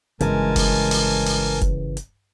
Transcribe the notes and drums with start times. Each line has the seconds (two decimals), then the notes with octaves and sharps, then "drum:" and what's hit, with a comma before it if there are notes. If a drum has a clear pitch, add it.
0.21 G1 C#3 E3 G#3 A#4 G#5 A5, drum: hi-hat
0.56 drum: kick F1, open hi-hat
0.91 drum: open hi-hat
1.26 drum: open hi-hat
1.61 drum: kick F1, hi-hat
1.97 drum: hi-hat